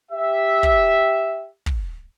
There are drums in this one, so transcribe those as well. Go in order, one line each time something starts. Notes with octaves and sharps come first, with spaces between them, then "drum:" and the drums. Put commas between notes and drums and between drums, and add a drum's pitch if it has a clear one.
G4 E5
drum: kick
drum: kick